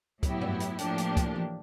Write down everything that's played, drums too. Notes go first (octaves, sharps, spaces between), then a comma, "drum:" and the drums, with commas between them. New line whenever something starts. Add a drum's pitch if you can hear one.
A2 F#3 B3 E4 G4, drum: kick, hi-hat
drum: tom F#2
drum: hi-hat
A2 F3 A#3 D4 G4, drum: hi-hat
drum: hi-hat
drum: kick, hi-hat
drum: tom E3